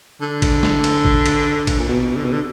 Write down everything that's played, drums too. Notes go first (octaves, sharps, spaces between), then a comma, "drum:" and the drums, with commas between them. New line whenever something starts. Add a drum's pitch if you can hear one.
D3
drum: kick A1, cymbal
drum: snare
drum: cymbal
drum: kick A1
drum: cymbal
drum: kick A1, cymbal
A#2
B2
D3
B2
D3